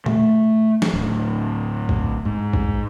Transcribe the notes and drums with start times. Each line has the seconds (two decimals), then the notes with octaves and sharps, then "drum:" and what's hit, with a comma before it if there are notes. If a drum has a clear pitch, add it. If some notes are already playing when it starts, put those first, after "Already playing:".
0.06 A3, drum: tom A#2
0.82 drum: snare
0.93 D1
1.89 drum: kick A#1
2.25 G#2
2.54 drum: kick A#1